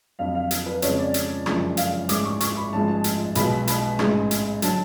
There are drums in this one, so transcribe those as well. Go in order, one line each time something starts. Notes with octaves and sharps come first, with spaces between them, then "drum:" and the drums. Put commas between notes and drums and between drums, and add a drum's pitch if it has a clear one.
F2 D3 F#3 F5
F5
drum: hi-hat
B4
F2 C#3 G#3 C#5, drum: hi-hat
D5
drum: hi-hat
F#1 F#2 D3 F3 G#3, drum: rim click
F5, drum: hi-hat
A1 G#2 G#3 D6, drum: hi-hat
C#6
C#6, drum: hi-hat
B5
A1 G#2 F3 G#3 A5
A5
drum: hi-hat
B1 B2 G#3 B5, drum: hi-hat
B5, drum: hi-hat
A1 G#2 G#3, drum: rim click
drum: hi-hat
D3 F#3 A5, drum: hi-hat